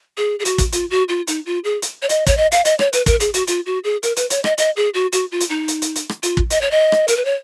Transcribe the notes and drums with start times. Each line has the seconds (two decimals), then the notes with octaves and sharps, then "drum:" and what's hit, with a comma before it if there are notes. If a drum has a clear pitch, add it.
0.17 G#4
0.39 G#4
0.45 F#4, drum: hi-hat
0.58 drum: kick, hi-hat
0.73 F4, drum: hi-hat
0.91 F#4
1.09 F4
1.27 D#4, drum: hi-hat
1.46 F4
1.64 G#4
1.82 drum: hi-hat
2.02 C#5
2.09 D#5, drum: hi-hat
2.27 C#5, drum: kick, hi-hat
2.37 D#5
2.52 F5, drum: hi-hat
2.65 D#5, drum: hi-hat
2.79 C#5, drum: rim click
2.93 B4, drum: hi-hat
3.06 A#4, drum: kick, hi-hat
3.20 G#4, drum: hi-hat
3.34 F#4, drum: hi-hat
3.47 F4, drum: hi-hat
3.66 F#4
3.84 G#4
4.03 A#4, drum: hi-hat
4.17 B4, drum: hi-hat
4.30 C#5, drum: hi-hat
4.44 D#5, drum: rim click
4.58 D#5, drum: hi-hat
4.76 G#4
4.94 F#4
5.13 F#4, drum: hi-hat
5.32 F4
5.41 drum: hi-hat
5.50 D#4
5.68 drum: hi-hat
5.82 drum: hi-hat
5.96 drum: hi-hat
6.09 drum: rim click
6.23 F4, drum: hi-hat
6.37 drum: kick
6.50 D#5, drum: hi-hat
6.61 C#5
6.71 D#5
6.92 drum: rim click
7.08 A#4, drum: hi-hat
7.17 B4
7.25 C#5